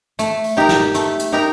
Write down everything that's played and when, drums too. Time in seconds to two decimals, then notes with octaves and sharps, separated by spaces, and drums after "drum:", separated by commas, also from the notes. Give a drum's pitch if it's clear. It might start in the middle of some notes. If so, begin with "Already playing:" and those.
0.19 A3, drum: hi-hat
0.44 drum: open hi-hat
0.57 D#4 G4 A#4
0.69 drum: snare
0.94 A3, drum: hi-hat
1.19 drum: hi-hat
1.32 D#4 G4 A#4